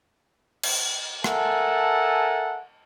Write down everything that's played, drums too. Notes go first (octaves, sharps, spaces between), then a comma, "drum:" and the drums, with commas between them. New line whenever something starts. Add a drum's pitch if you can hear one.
drum: cymbal
A4 A#4 E5 F#5 G#5 A5, drum: rim click